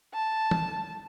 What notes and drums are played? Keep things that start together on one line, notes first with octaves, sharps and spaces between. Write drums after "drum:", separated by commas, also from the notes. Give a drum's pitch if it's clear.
A5
drum: tom